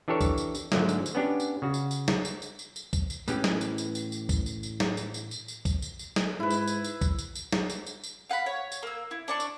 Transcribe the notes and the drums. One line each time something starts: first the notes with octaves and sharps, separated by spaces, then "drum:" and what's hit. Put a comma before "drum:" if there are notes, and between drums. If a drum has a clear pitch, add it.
E3 D4 G4 A4 A#4 C#5
drum: kick, tambourine
drum: tambourine
drum: tambourine
G#2 D3 F3 F#3 A3 A#3, drum: snare
drum: tambourine
drum: tambourine
B3 C#4 D4 G4
drum: tambourine
C#3 F#4
drum: tambourine
drum: tambourine
drum: snare
drum: tambourine
drum: tambourine
drum: tambourine
drum: tambourine
drum: kick, tambourine
drum: tambourine
A2 E3 B3 C#4 G4, drum: tambourine
drum: snare
drum: tambourine
drum: tambourine
drum: tambourine
drum: tambourine
drum: kick, tambourine
drum: tambourine
drum: tambourine
drum: snare
drum: tambourine
drum: tambourine
drum: tambourine
drum: tambourine
drum: kick, tambourine
drum: tambourine
drum: tambourine
drum: snare
G#2 E4 B4
drum: tambourine
drum: tambourine
drum: tambourine
drum: kick, tambourine
drum: tambourine
drum: tambourine
drum: snare
drum: tambourine
drum: tambourine
drum: tambourine
F5 F#5 A5 B5
C#5
drum: tambourine
A#3 E6
E4
D4 D5 C#6
drum: tambourine